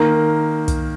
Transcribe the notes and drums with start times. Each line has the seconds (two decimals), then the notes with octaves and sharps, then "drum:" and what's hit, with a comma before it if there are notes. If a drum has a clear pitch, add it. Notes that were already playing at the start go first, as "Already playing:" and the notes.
Already playing: D#3 A#3 A#5
0.68 drum: kick, hi-hat